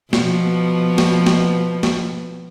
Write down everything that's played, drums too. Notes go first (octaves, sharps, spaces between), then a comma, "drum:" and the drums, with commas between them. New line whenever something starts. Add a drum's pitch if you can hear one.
B2 F3 B3, drum: snare
drum: snare
drum: snare
drum: snare